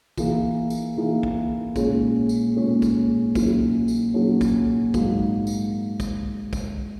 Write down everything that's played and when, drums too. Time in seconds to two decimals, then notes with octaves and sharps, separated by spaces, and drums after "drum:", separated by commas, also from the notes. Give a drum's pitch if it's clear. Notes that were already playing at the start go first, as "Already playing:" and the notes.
0.18 E3 A#3 E4 G#4, drum: kick, tambourine
0.70 drum: tambourine
0.97 E3 A#3 E4 G#4
1.23 drum: kick
1.76 A#2 G#3 C#4 G#4, drum: kick, tambourine
2.29 drum: tambourine
2.56 A#2 G#3 C#4 G#4
2.82 drum: kick, tambourine
3.35 A#2 F#3 C#4 E4 G#4, drum: kick, tambourine
3.88 drum: tambourine
4.14 A#2 F#3 C#4 E4 G#4
4.41 drum: kick, tambourine
4.94 G#2 F#3 A#3, drum: kick, tambourine
5.47 drum: tambourine
6.00 drum: kick, tambourine
6.53 drum: kick, tambourine